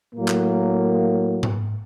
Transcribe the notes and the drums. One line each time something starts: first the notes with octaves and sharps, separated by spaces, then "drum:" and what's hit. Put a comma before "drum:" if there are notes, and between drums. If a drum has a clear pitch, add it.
A2 F#3 A#3
drum: clap
drum: tom G#2